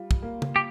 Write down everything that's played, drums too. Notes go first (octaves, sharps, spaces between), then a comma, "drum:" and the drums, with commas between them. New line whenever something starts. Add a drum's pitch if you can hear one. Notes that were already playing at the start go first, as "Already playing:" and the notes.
Already playing: G3 F4
drum: kick
A#3
drum: tom
G4